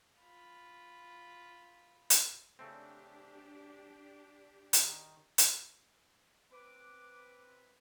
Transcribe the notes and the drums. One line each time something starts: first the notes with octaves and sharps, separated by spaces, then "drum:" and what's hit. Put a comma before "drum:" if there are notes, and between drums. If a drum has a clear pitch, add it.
F4 B5
drum: hi-hat
C#3 A3 C4 D4 G4
D#3, drum: hi-hat
drum: hi-hat
C4 B4 D6